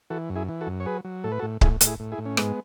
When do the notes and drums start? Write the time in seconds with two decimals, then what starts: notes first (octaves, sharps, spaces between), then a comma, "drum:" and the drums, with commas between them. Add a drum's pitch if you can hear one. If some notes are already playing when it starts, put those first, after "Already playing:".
0.10 E3 F#4 A4
0.30 F#2
0.35 E4 G#4
0.49 E3
0.61 F#4 A4
0.67 F#2
0.80 C#5
0.86 F#3 G#4 B4
1.05 F#3
1.24 A2 A4
1.32 B4
1.39 F#4 A4
1.42 A2
1.61 A2 E4 G#4, drum: kick C#1
1.81 A2, drum: hi-hat
1.86 E4 G#4
2.00 A2
2.12 E4 G#4
2.18 A2
2.25 C#4
2.37 G#2 G#3 B3, drum: rim click